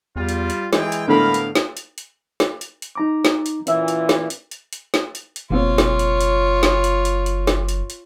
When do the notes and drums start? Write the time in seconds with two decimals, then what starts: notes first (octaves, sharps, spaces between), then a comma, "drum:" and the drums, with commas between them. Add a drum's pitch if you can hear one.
0.16 E2 G3 F4
0.29 drum: hi-hat
0.50 drum: hi-hat
0.73 E3 G#3 G#4 G5, drum: snare
0.92 drum: hi-hat
1.07 A2 D3 B3 D4 A#4 F5 B5
1.34 drum: hi-hat
1.55 drum: snare
1.77 drum: hi-hat
1.98 drum: hi-hat
2.40 drum: snare
2.61 drum: hi-hat
2.82 drum: hi-hat
2.95 D#4 A#5 D6
3.25 drum: snare
3.46 drum: hi-hat
3.67 A#2 E3 C#4 E5 E6, drum: hi-hat
3.88 drum: hi-hat
4.09 drum: snare
4.30 drum: hi-hat
4.51 drum: hi-hat
4.73 drum: hi-hat
4.94 drum: snare
5.15 drum: hi-hat
5.36 drum: hi-hat
5.50 F#1 B2 A#3 C4 F4 C#5
5.78 drum: snare
5.99 drum: hi-hat
6.21 drum: hi-hat
6.63 drum: snare
6.84 drum: hi-hat
7.05 drum: hi-hat
7.26 drum: hi-hat
7.47 drum: snare
7.69 drum: hi-hat
7.90 drum: hi-hat